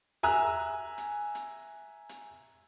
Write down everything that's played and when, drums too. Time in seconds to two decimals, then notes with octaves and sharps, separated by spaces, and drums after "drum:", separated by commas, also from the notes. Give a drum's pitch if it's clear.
0.23 E5 G#5 A#5 E6 F#6, drum: hi-hat
0.98 drum: hi-hat
1.35 drum: hi-hat
2.09 drum: hi-hat